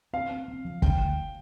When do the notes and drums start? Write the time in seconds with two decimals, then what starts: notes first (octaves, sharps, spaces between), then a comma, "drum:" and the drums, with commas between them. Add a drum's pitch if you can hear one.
0.13 C4 F5
0.31 C4
0.48 C4
0.65 F3
0.82 D2 G5, drum: kick
1.00 D2